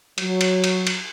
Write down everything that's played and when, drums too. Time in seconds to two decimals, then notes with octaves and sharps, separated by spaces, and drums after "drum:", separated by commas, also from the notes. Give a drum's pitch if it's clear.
0.18 F#3, drum: cymbal
0.41 drum: cymbal
0.64 drum: cymbal
0.87 drum: cymbal